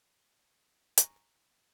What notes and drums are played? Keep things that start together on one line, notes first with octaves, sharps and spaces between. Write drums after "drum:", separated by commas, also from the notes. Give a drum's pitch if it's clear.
G#5 A#5 C#6 A#6, drum: hi-hat